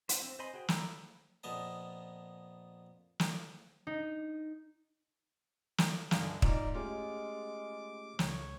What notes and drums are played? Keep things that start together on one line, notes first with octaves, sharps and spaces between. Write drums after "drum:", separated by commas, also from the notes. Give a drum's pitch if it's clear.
C5, drum: hi-hat
C4
C5 D#5 G#5 B5 C6
F#4 G#4 C5 G5
A#5 B5 E6, drum: snare
F2 A#2 B3 D#5 A5
drum: snare
D#4
drum: snare
C#2 G2 D3 F5 G#5, drum: snare
G#2 D#4 F4 D5, drum: kick
G#3 A3 C#4 F4 G4 D6
C#2 C#5, drum: snare